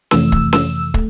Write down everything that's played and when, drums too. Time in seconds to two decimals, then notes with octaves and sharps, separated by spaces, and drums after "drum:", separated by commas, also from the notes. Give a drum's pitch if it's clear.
0.11 F2 C3 E3 A3 E6, drum: snare C#4
0.32 drum: kick
0.53 E6, drum: snare C#4
0.94 A3, drum: kick